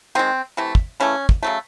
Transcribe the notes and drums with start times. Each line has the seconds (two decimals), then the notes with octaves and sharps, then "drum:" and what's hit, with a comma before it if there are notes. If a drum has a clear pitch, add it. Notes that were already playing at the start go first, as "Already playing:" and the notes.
0.15 D#3 G#3 C4
0.57 C3 E3 A3
0.75 drum: kick
1.00 C#3 E3 A3 C#4
1.29 drum: kick
1.43 C#3 F#3 A3